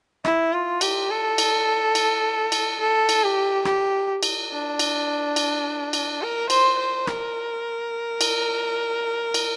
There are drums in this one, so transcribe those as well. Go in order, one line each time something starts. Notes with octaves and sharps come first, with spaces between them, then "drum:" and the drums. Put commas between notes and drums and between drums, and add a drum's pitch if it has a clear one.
E4, drum: rim click
F4
G4, drum: cymbal
A4
drum: cymbal
drum: cymbal
drum: cymbal
A4
drum: cymbal
G4
G4, drum: rim click
drum: cymbal
D4
drum: cymbal
drum: cymbal
drum: cymbal
A#4
C5, drum: cymbal
C5
A#4, drum: rim click
drum: cymbal
drum: cymbal